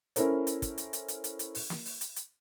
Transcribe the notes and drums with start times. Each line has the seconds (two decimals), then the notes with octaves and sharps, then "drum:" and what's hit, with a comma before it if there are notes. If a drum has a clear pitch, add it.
0.16 C#4 E4 A4 A#4 C5, drum: hi-hat
0.47 drum: hi-hat
0.62 drum: kick, hi-hat
0.78 drum: hi-hat
0.93 drum: hi-hat
1.08 drum: hi-hat
1.24 drum: hi-hat
1.39 drum: hi-hat
1.55 drum: open hi-hat
1.70 drum: snare
1.85 drum: open hi-hat
2.01 drum: hi-hat
2.16 drum: hi-hat